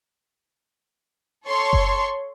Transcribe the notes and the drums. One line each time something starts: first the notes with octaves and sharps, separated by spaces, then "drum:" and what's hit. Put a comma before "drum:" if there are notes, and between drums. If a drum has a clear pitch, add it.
A4 C#5 C6 C#6
drum: kick F#1